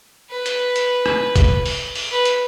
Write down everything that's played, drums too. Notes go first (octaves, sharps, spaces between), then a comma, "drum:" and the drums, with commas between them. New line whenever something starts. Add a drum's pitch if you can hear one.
B4
drum: hi-hat
drum: hi-hat
drum: rim click
drum: kick, hi-hat
drum: open hi-hat
drum: open hi-hat
B4
drum: hi-hat